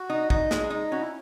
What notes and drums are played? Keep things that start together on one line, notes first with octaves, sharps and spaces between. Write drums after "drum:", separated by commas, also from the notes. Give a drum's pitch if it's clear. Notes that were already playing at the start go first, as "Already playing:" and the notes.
Already playing: F#4
D#4
D#4, drum: kick
G#3, drum: snare
D#4
C#4 F#4
E4